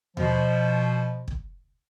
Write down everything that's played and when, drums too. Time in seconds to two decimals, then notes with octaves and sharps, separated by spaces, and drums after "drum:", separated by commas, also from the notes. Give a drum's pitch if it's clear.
0.17 B2 F3, drum: tom D#2
1.28 drum: kick